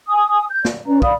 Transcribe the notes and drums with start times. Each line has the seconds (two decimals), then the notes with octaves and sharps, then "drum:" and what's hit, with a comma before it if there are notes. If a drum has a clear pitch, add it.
0.08 G#5 D#6
0.50 G6
0.65 D5, drum: snare
0.87 C#4 B4 D5 A#5
1.02 D5 F5 B5 D#6, drum: kick